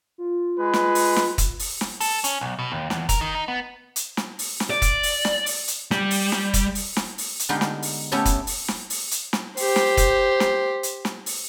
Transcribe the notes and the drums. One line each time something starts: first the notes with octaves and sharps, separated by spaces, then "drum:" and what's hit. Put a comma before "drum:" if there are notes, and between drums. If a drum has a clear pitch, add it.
F4
G#3 B4
drum: snare
drum: open hi-hat
drum: snare
drum: kick, hi-hat
drum: open hi-hat
drum: snare
A4, drum: open hi-hat
C#4, drum: hi-hat
B1
B2
D#2
E2, drum: snare
A#4, drum: kick, hi-hat
D#3
D#4
B3
drum: hi-hat
drum: snare
drum: open hi-hat
drum: snare
D5
drum: kick, hi-hat
drum: open hi-hat
drum: snare
drum: open hi-hat
drum: hi-hat
G3, drum: snare
drum: open hi-hat
drum: snare
drum: kick, hi-hat
drum: open hi-hat
drum: snare
drum: open hi-hat
drum: hi-hat
D3 G#3 B3 D#4 G4 F5
drum: snare
drum: open hi-hat
A3 B3 C#4 G4 A4 C#5
drum: kick, hi-hat
drum: open hi-hat
drum: snare
drum: open hi-hat
drum: hi-hat
drum: snare
G4 C5, drum: open hi-hat
drum: snare
drum: kick, hi-hat
drum: snare
drum: hi-hat
drum: snare
drum: open hi-hat